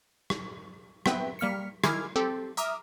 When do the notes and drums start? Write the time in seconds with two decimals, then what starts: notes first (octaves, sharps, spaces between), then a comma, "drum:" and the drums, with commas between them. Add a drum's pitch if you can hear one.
0.30 drum: rim click
1.06 B3 C4 B4 E5 G5, drum: rim click
1.39 G3 A#3 F6 B6 C#7
1.84 D#3 E4 G#5 D6 F6 G#6, drum: rim click
2.16 C4 G4 A4
2.57 E5 A#5 D6 D#6 F6